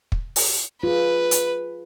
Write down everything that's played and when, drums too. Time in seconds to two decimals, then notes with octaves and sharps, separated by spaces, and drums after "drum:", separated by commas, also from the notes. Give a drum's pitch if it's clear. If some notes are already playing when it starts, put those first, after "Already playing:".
0.12 drum: kick
0.36 drum: open hi-hat
0.83 F4 G#4 B4
1.31 drum: hi-hat